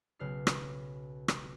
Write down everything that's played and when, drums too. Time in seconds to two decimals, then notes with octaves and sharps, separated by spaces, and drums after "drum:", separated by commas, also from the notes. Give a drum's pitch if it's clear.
0.19 B1 C#3 B4 F6 C7
0.47 drum: rim click
1.28 drum: rim click